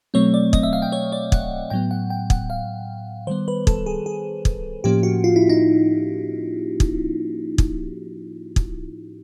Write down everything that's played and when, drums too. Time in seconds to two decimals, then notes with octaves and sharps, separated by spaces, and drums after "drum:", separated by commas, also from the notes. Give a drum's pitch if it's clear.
0.14 B2 F#3 A3 C4 C#5
0.34 D5
0.53 D#5, drum: kick
0.63 E5
0.73 F5
0.82 G5
0.92 C#5
1.12 D5
1.32 F#5, drum: kick
1.70 A2 F#3 B3 G5
1.91 F#5
2.10 G5
2.30 F#5, drum: kick
2.50 F5
3.27 D#3 G3 B3 C5
3.48 B4
3.67 A4, drum: kick
3.86 G#4
4.06 G#4
4.45 drum: kick
4.84 A2 F3 A#3 C#4 G4
5.03 F#4
5.24 F4
5.36 E4
5.49 D#4
6.80 drum: kick
7.58 drum: kick
8.56 drum: kick